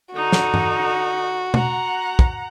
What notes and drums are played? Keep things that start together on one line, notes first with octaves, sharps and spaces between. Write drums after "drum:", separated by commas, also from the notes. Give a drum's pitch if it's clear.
D3 D#4 F#4
drum: snare
drum: tom
F#5 A#5, drum: tom B2
drum: kick